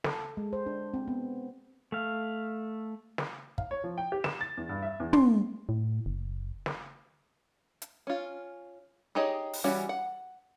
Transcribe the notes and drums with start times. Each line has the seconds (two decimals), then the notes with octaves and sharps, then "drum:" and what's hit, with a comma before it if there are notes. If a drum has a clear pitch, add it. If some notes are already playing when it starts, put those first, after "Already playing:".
0.04 A4, drum: snare
0.37 G#3
0.53 C5
0.66 D4
0.94 C4
1.08 B3
1.92 A3 F5
3.18 drum: snare
3.58 F5, drum: kick
3.71 C#5
3.84 F3
3.98 G5
4.12 G4
4.24 E7, drum: snare
4.41 A6
4.57 E2
4.69 G2
4.83 E5
5.00 E2
5.13 C6, drum: tom
5.69 A2
6.06 F#1
6.66 drum: snare
7.82 drum: hi-hat
8.07 C#4 F4
9.15 D#4 G4 G#4 C#5 D#5
9.53 drum: open hi-hat
9.64 E3 G3 C#4 F#4 C#5
9.89 F#5